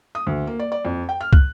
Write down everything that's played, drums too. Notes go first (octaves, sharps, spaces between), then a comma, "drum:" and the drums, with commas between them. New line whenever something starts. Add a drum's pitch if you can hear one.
D#6
D2
A#3
D5
D5
F2
G5
F6
F#6, drum: kick